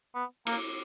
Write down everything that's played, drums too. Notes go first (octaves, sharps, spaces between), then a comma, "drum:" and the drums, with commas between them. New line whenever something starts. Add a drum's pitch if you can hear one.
B3
A#3, drum: cymbal